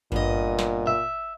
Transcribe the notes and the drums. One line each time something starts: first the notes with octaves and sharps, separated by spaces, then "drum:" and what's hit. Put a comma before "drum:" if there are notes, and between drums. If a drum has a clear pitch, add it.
G2 A#2 B3 D#5, drum: kick G#1
drum: snare
E5, drum: tom A#2